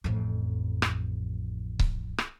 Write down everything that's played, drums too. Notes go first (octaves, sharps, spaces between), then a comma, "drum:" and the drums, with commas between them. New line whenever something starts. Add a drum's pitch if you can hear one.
A1 F2
drum: rim click
drum: kick C#1
drum: rim click